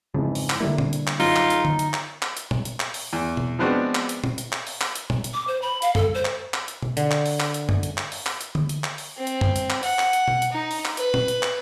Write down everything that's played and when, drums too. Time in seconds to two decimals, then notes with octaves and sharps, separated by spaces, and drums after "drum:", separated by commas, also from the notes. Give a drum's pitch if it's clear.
0.14 F2 G#2 C#3 E3
0.35 drum: open hi-hat
0.50 drum: clap
0.60 D3 G3 A#3 D4 E4
0.78 drum: tom
0.93 drum: hi-hat
1.07 drum: clap
1.20 F#2 D#4 F4, drum: open hi-hat
1.36 drum: clap
1.50 drum: hi-hat
1.65 drum: tom D3
1.79 drum: hi-hat
1.93 drum: clap
2.22 drum: clap
2.37 drum: hi-hat
2.51 drum: tom
2.65 drum: hi-hat
2.80 drum: clap
2.94 drum: open hi-hat
3.13 E2
3.37 drum: tom B2
3.59 F3 G#3 B3 C4 D4 F#4
3.95 drum: clap
4.09 drum: hi-hat
4.24 drum: tom
4.38 drum: hi-hat
4.52 drum: clap
4.67 drum: open hi-hat
4.81 drum: clap
4.95 drum: hi-hat
5.10 drum: tom
5.24 drum: hi-hat
5.33 D6
5.47 C5
5.62 B5
5.82 F5, drum: hi-hat
5.95 A4, drum: tom F#2
6.14 C5
6.25 drum: clap
6.54 drum: clap
6.68 drum: hi-hat
6.82 drum: tom B2
6.97 D3, drum: hi-hat
7.11 drum: clap
7.26 drum: open hi-hat
7.40 drum: clap
7.54 drum: hi-hat
7.69 drum: tom F#2
7.83 drum: hi-hat
7.97 drum: clap
8.12 drum: open hi-hat
8.26 drum: clap
8.41 drum: hi-hat
8.55 drum: tom D3
8.69 drum: hi-hat
8.84 drum: clap
8.98 drum: open hi-hat
9.17 C4
9.27 drum: hi-hat
9.41 drum: tom F#2
9.56 drum: hi-hat
9.70 drum: clap
9.83 F#5, drum: open hi-hat
9.99 drum: clap
10.13 drum: hi-hat
10.28 drum: tom B2
10.42 drum: hi-hat
10.52 D#4
10.71 drum: open hi-hat
10.85 drum: clap
10.97 B4, drum: hi-hat
11.14 drum: tom
11.28 drum: hi-hat
11.43 drum: clap